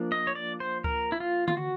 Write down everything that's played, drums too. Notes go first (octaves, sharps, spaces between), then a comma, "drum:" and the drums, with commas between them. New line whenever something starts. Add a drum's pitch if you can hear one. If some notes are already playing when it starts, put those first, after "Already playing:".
Already playing: F3 A#3 D4
D#5
C#5
D5
C5
A#4, drum: kick C#2
E4
F4
F4, drum: tom D3
F#4